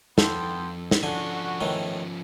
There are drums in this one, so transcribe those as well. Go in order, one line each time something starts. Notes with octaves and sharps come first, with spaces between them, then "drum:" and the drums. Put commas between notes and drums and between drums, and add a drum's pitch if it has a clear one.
F2 B3 A4 G5 C6, drum: snare
drum: snare
D3 F3 C#4 F#4 G#5
A2 D#3 E3